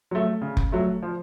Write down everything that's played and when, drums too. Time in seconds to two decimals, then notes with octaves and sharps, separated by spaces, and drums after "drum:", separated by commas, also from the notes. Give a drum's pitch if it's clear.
0.11 F#3 A3
0.42 C#3
0.57 drum: kick F1
0.72 F#3 A3
1.02 F3